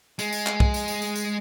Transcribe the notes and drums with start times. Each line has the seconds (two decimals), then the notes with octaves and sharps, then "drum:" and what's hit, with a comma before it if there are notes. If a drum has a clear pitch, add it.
0.19 G#3, drum: tambourine
0.33 drum: tambourine
0.46 drum: clap
0.60 drum: kick
0.74 drum: tambourine
0.88 drum: tambourine
1.02 drum: tambourine
1.16 drum: tambourine